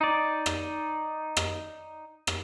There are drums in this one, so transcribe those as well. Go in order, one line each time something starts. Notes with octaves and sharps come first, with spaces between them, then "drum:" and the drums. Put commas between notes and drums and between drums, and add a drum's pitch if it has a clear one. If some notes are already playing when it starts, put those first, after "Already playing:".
D#4 D5
drum: rim click
drum: rim click
drum: rim click